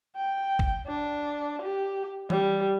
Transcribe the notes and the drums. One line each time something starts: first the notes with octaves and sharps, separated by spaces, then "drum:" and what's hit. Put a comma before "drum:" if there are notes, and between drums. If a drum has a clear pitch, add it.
G5
drum: kick A#1
D4
G4
G3, drum: tom E3